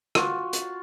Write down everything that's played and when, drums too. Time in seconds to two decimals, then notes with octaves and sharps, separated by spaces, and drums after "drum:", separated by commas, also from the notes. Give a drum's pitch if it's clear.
0.15 F4 F#4, drum: rim click
0.53 drum: hi-hat